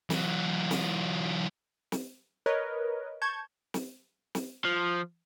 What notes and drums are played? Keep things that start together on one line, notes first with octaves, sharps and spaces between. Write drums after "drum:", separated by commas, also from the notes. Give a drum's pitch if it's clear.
E3 F#3, drum: snare
drum: snare
drum: snare
A#4 B4 C#5 D#5
A5 C#6 G6 G#6
drum: snare
drum: snare
F3